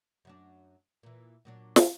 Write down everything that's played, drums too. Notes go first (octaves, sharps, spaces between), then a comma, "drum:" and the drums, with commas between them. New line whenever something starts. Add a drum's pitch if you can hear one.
F#2 F#3 D4
A#2 E3
A#2 F#3 D4
drum: snare